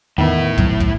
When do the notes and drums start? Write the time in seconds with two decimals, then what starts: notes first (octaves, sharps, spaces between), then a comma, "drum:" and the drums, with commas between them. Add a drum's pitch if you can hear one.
0.18 E2 A2 D#3 B3 E4
0.58 A#1 F#3, drum: kick
0.80 drum: kick